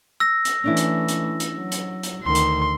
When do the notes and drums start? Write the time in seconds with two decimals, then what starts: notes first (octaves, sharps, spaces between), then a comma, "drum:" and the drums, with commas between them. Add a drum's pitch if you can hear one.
0.20 E6 A#6
0.45 drum: hi-hat
0.64 E3 A3 C#4 D4 E4
0.77 drum: hi-hat
1.08 drum: hi-hat
1.40 drum: hi-hat
1.56 F#3
1.72 drum: hi-hat
2.03 drum: hi-hat
2.24 D2 D#3 C6
2.35 drum: hi-hat